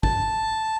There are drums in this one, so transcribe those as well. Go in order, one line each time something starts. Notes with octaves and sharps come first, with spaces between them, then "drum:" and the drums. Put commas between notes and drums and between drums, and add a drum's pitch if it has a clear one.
A5, drum: kick